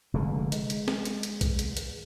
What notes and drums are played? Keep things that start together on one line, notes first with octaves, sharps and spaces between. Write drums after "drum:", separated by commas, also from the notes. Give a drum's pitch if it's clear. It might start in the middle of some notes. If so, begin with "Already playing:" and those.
F1 D3 G#3
G#3, drum: hi-hat
drum: hi-hat
drum: snare
drum: hi-hat
drum: hi-hat
drum: kick, hi-hat
drum: hi-hat
drum: hi-hat